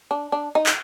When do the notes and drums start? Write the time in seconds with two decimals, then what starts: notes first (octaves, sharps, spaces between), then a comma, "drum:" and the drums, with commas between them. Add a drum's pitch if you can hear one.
0.11 D4
0.32 D4
0.55 D#4
0.66 drum: clap